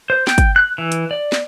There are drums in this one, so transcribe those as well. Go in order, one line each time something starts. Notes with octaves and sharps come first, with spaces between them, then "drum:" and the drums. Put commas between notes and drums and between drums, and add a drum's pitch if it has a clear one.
C5
G5, drum: snare
drum: kick, hi-hat
F#6
E3
drum: hi-hat
D5
drum: snare